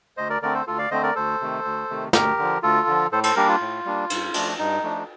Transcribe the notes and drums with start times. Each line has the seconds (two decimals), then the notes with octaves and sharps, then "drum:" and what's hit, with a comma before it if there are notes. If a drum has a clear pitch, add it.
0.17 D2 C5 D#5
0.30 A#4 D5
0.42 D3 A3 C4 A#4 D5
0.54 A4 C5
0.67 D2 F4 A4
0.78 D5 F5
0.91 D3 A3 C4 C5 D#5
1.03 A#4 D5
1.15 D2 A4 C5
1.40 C3 D#3 A3
1.65 D2
1.90 C3 D#3 A3
2.13 D2 G4 A#4, drum: snare
2.38 D3 F3
2.63 D2 F4 A4
2.87 D3 F3
3.12 A2 A4 C5
3.24 A4 C5, drum: cymbal
3.36 G3 A#3 D4 G4 A#4
3.49 F4
3.61 A2
3.85 G3 A#3 D4
4.10 G2, drum: cymbal
4.34 F3 A3 D4, drum: cymbal
4.59 G2 D#4
4.83 F3 A3 D4